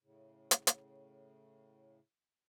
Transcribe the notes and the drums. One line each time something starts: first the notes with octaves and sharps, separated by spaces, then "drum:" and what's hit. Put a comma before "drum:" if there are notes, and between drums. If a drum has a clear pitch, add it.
A2 C#3
drum: hi-hat
drum: hi-hat